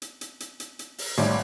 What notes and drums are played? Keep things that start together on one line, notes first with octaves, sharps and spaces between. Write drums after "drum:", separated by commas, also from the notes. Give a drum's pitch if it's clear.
drum: hi-hat
drum: hi-hat
drum: hi-hat
drum: hi-hat
drum: hi-hat
drum: open hi-hat
G#1 A2 G3 C#5 D5 E5, drum: hi-hat